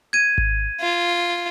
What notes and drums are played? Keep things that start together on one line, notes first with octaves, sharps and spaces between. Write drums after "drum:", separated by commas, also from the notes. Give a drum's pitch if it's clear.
G#6 D#7
drum: kick G#1
F4